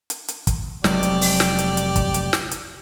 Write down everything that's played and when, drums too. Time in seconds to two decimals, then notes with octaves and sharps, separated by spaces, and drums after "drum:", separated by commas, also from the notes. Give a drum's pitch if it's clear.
0.10 drum: hi-hat
0.28 drum: hi-hat
0.47 drum: kick, hi-hat
0.84 F1 F#3 G#3 G4 D5, drum: snare
1.03 drum: hi-hat
1.21 drum: open hi-hat
1.40 drum: snare
1.59 drum: hi-hat
1.77 drum: hi-hat
1.96 drum: kick, hi-hat
2.14 drum: hi-hat
2.33 drum: snare
2.51 drum: hi-hat